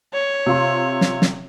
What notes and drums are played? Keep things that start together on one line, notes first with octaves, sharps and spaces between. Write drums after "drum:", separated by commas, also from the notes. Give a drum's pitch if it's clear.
C#5
C3 F4 C6
drum: snare
drum: snare